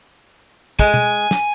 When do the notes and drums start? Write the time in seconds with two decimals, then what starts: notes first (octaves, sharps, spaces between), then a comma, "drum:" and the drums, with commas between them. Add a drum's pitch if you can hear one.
0.79 G#3 G#5, drum: kick
0.94 drum: tom B2
1.31 drum: snare